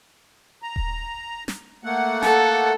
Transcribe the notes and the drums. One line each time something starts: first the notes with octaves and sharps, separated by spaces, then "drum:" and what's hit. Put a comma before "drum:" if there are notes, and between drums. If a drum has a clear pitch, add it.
A#5
drum: kick D#1
drum: snare
A3 A#3 F#5
A4, drum: snare